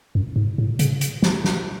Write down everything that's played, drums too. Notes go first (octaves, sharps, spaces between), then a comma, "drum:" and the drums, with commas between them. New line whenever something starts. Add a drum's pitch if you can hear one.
F#2
G#2
A2
C#3, drum: hi-hat
drum: hi-hat
F3, drum: snare
drum: snare